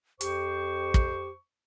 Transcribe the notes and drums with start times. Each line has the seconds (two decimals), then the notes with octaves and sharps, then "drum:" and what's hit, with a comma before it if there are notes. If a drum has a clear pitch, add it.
0.21 F2 G4 C5 C#6, drum: hi-hat
0.94 drum: kick